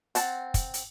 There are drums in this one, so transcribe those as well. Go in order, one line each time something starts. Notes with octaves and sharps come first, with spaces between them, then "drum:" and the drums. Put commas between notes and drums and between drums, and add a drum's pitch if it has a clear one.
C4 F#5 A5, drum: hi-hat
drum: kick, hi-hat
drum: hi-hat